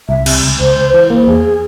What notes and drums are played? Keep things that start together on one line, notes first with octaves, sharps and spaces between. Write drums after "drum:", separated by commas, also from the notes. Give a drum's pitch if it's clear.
C2 E5
C3, drum: cymbal
C#2
C#2 C5
C#2
E3 C5
A#3
E2 G#4